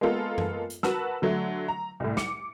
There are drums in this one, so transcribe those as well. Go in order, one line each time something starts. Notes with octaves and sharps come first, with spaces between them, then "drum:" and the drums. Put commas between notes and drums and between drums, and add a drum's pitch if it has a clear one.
G#3 A#3 B3 F4 A4 A#4
drum: tom F#2
drum: hi-hat
F#4 A#4 B4 F#5 A5 E6, drum: snare
D3 F#3 A3
A#5
C2 A2
D6 C#7, drum: snare